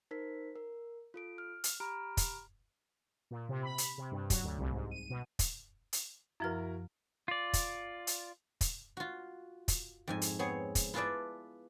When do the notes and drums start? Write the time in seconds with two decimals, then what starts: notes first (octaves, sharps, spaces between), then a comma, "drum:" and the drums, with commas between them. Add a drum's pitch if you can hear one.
0.11 D#4 A#4 C5 B6
0.56 A#4
1.14 F4 A4 D7
1.38 F6
1.64 drum: hi-hat
1.80 G4 A#5 B5 F6 D7
2.17 drum: kick, hi-hat
3.31 A#2
3.49 C3
3.63 B5
3.78 drum: hi-hat
3.98 C3
4.12 G2
4.30 F#3, drum: kick, hi-hat
4.44 D2
4.59 C2
4.72 G#2
4.91 D#7
5.10 B2
5.39 drum: kick, hi-hat
5.93 drum: hi-hat
6.40 F#2 F3 E4 F#4 A#4 F6
7.28 F4 D5
7.53 drum: kick, hi-hat
8.07 drum: hi-hat
8.61 drum: kick, hi-hat
8.97 F4 F#4
9.68 drum: kick, hi-hat
10.08 F2 G#2 G#5
10.22 drum: hi-hat
10.39 B3 C4 G#4 C#5
10.75 drum: kick, hi-hat
10.94 E4 F4 G#4 B4 D5 A5